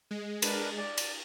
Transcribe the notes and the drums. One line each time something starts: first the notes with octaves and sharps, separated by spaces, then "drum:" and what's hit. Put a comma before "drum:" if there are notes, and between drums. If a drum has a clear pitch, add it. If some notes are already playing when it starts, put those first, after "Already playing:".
G#3
D4 A#4 B4, drum: cymbal
D5
drum: cymbal